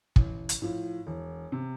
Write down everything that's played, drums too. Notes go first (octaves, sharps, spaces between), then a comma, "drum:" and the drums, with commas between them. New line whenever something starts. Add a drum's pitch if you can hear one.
A1, drum: kick
drum: hi-hat
A2 F3
E1
C3